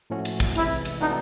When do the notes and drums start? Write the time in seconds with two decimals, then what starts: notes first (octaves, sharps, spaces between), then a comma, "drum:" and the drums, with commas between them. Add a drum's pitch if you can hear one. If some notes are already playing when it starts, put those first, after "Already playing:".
0.10 A2 F3 A3 C#4 F#4
0.25 drum: cymbal
0.40 drum: kick
0.55 C3 E3 G#3 E4, drum: cymbal
0.85 drum: cymbal
1.00 C3 E3 A3 D4 D#4 F#4